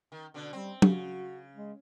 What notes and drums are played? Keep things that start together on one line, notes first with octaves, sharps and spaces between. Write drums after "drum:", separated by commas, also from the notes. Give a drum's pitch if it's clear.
D#3
B2 D3 D4
G3 C4
C#3 F#4, drum: tom F#3
G#3